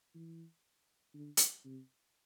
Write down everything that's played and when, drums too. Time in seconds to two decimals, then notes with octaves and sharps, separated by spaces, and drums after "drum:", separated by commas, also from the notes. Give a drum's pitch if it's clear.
0.14 E3
1.14 D3
1.37 drum: hi-hat
1.65 C3